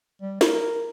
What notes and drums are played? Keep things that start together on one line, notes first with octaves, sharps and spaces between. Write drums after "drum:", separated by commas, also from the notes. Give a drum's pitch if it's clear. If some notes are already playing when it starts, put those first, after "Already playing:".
G3
A#4, drum: snare